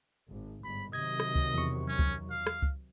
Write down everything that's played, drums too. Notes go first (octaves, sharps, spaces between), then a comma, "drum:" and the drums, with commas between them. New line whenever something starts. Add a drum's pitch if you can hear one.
G#1
G1 G#2 B5
C3 D#3 F#3 D#5 G#6
drum: rim click
drum: kick C#2
E2 C#6
C#4
drum: kick C#2
F5
drum: rim click
drum: kick C#2